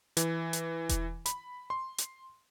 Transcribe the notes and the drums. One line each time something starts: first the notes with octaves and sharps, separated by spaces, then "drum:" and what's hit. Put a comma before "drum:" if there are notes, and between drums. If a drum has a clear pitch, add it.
E3, drum: hi-hat
drum: hi-hat
drum: kick E1, hi-hat
B5, drum: hi-hat
C6
drum: hi-hat